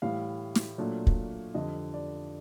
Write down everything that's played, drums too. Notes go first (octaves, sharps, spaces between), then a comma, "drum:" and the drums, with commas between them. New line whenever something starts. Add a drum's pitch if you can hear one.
A2 E3 G3 F5
drum: snare
A#2 F#3 A3 D4
drum: kick
F2 D3 G3 D#5
D5